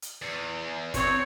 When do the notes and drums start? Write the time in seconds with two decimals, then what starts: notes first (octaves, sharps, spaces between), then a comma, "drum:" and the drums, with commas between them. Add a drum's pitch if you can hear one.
0.02 drum: hi-hat
0.22 E2
0.94 C4 C#5, drum: kick, hi-hat